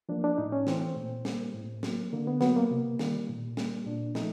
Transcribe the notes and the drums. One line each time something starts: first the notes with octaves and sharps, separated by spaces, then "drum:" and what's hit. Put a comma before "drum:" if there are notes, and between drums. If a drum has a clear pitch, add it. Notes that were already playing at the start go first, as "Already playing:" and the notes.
F3 A#3 D4
D4
A2 D#4
C#4
E3 A3 C4, drum: snare
C4
A#2
G3 A#3, drum: snare
A2
F#3 A#3, drum: snare
D3 A#3
B3
F#3 A#3 B3, drum: snare
A#3
C3
D#3 G3 A#3, drum: snare
A#2
G3 A#3, drum: snare
A#2 D4
F3 A3 D#4, drum: snare